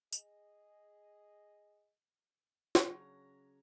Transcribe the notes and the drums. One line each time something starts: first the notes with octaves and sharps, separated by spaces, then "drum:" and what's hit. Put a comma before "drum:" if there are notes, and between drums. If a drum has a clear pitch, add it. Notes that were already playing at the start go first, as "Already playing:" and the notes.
G#4 D#5, drum: tambourine
drum: snare
C#3 F#3 D4 C#5 A#5